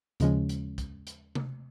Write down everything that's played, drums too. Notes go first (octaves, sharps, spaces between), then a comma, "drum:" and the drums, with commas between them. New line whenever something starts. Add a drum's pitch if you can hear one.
D#2 C#3 F3 G#3 C#4, drum: hi-hat
drum: hi-hat
drum: kick, hi-hat
drum: hi-hat
drum: tom C3